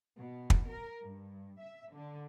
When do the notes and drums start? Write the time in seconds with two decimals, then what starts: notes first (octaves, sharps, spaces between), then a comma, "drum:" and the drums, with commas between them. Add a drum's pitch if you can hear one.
0.17 B2
0.50 drum: kick
0.70 A#4
1.02 G2
1.60 E5
1.93 D3